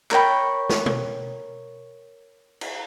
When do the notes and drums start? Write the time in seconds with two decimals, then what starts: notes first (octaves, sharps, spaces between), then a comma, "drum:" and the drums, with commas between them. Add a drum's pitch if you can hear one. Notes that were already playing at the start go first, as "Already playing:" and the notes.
0.11 A#4 C#5 G5 B5, drum: clap
0.69 drum: snare
0.86 drum: tom B2
2.61 drum: cymbal